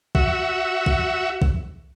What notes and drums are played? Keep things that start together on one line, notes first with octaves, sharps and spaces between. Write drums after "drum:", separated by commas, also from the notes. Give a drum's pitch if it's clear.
F#4 E5, drum: kick
drum: kick
drum: kick